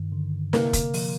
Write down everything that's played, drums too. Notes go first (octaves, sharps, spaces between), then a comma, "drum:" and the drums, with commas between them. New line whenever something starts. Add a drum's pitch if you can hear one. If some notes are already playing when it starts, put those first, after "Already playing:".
Already playing: G2 D#3
D3
C3 A#3, drum: snare
drum: kick, hi-hat
F3, drum: open hi-hat